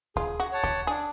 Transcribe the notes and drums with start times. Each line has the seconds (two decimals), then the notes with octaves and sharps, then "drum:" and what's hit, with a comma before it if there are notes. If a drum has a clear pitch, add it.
0.16 F4 G#4, drum: kick D2, hi-hat
0.40 F#4, drum: hi-hat
0.52 C#5 F#5 A5
0.64 G4, drum: kick D2, hi-hat
0.87 D4 G#4